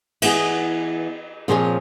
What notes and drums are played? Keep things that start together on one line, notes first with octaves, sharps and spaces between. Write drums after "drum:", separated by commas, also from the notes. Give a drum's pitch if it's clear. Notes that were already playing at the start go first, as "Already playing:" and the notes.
E3 B3 G#4, drum: cymbal
A#2 F3 C4 G#4 C5 C#5